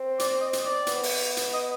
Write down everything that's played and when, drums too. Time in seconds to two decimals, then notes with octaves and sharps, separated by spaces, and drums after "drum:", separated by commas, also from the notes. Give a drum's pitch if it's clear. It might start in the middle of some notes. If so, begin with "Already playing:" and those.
Already playing: C4
0.19 D5, drum: hi-hat
0.41 D#5
0.53 drum: hi-hat
0.65 D5
0.87 B3, drum: hi-hat
1.03 drum: open hi-hat
1.37 drum: hi-hat
1.54 D#5